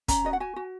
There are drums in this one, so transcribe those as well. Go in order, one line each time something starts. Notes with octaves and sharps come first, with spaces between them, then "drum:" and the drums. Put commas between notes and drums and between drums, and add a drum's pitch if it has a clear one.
C#4 A#5, drum: kick, hi-hat
F#4 D#5
F#5
F#4 G#5
F#4